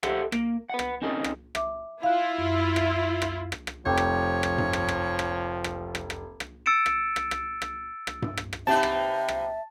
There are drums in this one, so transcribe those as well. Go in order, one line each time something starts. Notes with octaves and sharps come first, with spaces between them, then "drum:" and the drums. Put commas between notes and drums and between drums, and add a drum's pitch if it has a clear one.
G4 A4 C5 E5 F#5, drum: rim click
A#3, drum: rim click
B4 F#5
drum: rim click
C4 C#4 D#4 G#4 A#4
drum: rim click
E5 D6, drum: rim click
E4 F4 F5 F#6
F#2
drum: rim click
drum: rim click
drum: rim click
drum: rim click
F1 F3 C#5 G5 D6 G6
drum: rim click
drum: rim click
drum: tom G2
drum: rim click
drum: rim click
drum: rim click
drum: rim click
drum: rim click
drum: rim click
drum: rim click
E6 A6 C#7 D7 E7
drum: rim click
drum: rim click
drum: rim click
drum: rim click
drum: rim click
drum: tom G2
drum: rim click
drum: rim click
C3 B3 C4 D#4 G4 E5 A5
drum: rim click
drum: rim click